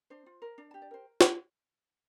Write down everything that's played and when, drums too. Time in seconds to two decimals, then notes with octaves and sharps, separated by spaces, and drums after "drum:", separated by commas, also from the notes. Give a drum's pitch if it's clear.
0.10 D4 C5
0.26 F4
0.42 A#4
0.58 D4 D5
0.71 G4 A5
0.82 D5
0.91 A#4 C5
1.21 drum: snare